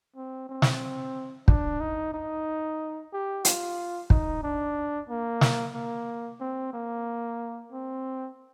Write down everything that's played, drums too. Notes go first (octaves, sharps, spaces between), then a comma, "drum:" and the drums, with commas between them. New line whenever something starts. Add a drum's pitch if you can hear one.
C4
C4
drum: snare
D4, drum: kick
D#4
D#4
G4
F4, drum: hi-hat
D#4, drum: kick
D4
A#3
drum: snare
A#3
C4
A#3
C4